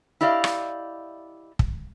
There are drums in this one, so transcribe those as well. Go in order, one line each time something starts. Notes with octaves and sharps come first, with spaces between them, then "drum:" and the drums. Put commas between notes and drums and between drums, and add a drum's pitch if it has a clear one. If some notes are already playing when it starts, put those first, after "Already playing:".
E4 G4 D5 D#5 F5
drum: rim click
drum: kick